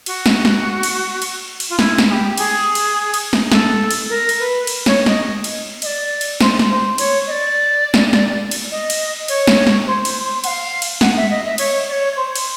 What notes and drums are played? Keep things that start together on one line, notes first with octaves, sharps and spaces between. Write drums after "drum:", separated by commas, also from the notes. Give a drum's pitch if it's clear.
F#4, drum: cymbal
drum: snare
drum: snare
drum: cymbal
drum: cymbal
drum: cymbal
F4
E4, drum: snare
drum: snare
G#4
G4
G#4, drum: cymbal
drum: cymbal
drum: cymbal
drum: snare
A4, drum: snare
drum: cymbal
A#4
drum: cymbal
B4
drum: cymbal
C#5, drum: snare
D#5, drum: snare
drum: cymbal
D#5, drum: cymbal
D5
drum: cymbal
C5, drum: snare
drum: snare
C5
C#5, drum: cymbal
D#5
D5
drum: snare
drum: snare
drum: cymbal
D#5
drum: cymbal
C#5, drum: cymbal
drum: snare
drum: snare
C5
drum: cymbal
F#5, drum: cymbal
F5
drum: cymbal
F#5, drum: snare
E5
D#5
E5
C#5, drum: cymbal
D5
C#5
C5
drum: cymbal